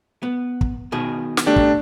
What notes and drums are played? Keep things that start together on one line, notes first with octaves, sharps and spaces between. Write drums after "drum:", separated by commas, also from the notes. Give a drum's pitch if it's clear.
B3
drum: kick
B2 D#3 G#4
drum: snare
A3 D4 G4
drum: kick